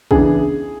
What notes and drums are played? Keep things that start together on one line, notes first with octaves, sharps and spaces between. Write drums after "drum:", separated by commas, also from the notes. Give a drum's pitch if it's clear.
C#3 E3 B3 D4 G#4, drum: kick A#1